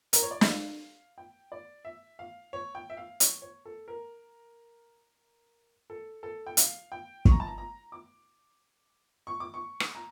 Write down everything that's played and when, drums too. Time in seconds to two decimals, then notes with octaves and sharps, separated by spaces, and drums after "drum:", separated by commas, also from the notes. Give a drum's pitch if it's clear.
0.13 A#4, drum: hi-hat
0.23 C#5
0.31 D5
0.41 E5, drum: snare
0.50 F5
1.18 G5
1.52 D5
1.85 E5
2.19 F5
2.53 C#5
2.75 G5
2.90 E5
2.97 F5
3.20 C#5, drum: hi-hat
3.42 C#5
3.65 A4
3.88 A#4
5.90 A4
6.23 A4
6.47 G5
6.57 F5, drum: hi-hat
6.92 G5
7.25 C#6, drum: kick
7.32 A#5
7.40 A5
7.47 A#5
7.58 A#5
7.92 D6
9.27 C#6
9.40 D6
9.54 C#6
9.80 drum: rim click
9.95 A#5